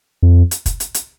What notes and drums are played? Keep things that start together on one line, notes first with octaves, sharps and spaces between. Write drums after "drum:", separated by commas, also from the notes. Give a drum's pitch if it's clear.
F2
drum: hi-hat
drum: kick, hi-hat
drum: hi-hat
drum: hi-hat